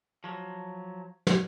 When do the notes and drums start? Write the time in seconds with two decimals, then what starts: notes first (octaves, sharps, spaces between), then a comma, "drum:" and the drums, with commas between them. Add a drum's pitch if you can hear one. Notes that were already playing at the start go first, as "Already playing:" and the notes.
0.24 F3 F#3
1.27 drum: snare